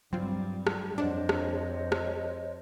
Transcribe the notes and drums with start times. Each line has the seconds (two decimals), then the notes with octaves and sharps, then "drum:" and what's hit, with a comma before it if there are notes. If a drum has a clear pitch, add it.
0.13 G2 F#3 G3 C4 F4
0.67 drum: rim click
0.98 F2 D4 C5 C#5 D#5 F#5
1.29 drum: rim click
1.92 drum: rim click